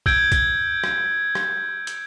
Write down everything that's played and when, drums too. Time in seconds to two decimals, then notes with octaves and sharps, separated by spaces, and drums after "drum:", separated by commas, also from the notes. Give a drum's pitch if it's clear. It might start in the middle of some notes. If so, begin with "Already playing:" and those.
0.06 E6 G6 G#6 D7, drum: kick
0.32 drum: kick, hi-hat
0.84 drum: rim click
1.35 drum: rim click
1.87 drum: hi-hat